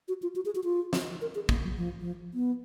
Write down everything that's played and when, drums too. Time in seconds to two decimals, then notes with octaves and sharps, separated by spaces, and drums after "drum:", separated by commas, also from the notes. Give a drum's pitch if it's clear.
0.08 F#4
0.22 F4
0.36 F#4
0.45 G#4
0.55 F#4
0.64 F4
0.93 drum: snare
1.21 A#4
1.35 G#4
1.49 A#3, drum: kick
1.64 F#3
1.77 F3
2.00 F3
2.34 B3